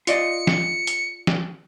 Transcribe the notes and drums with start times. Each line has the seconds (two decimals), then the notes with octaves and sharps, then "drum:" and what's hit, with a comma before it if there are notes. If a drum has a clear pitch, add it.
0.07 F4 D5 D#5 C#7, drum: hi-hat
0.47 drum: snare
0.87 drum: hi-hat
1.27 drum: snare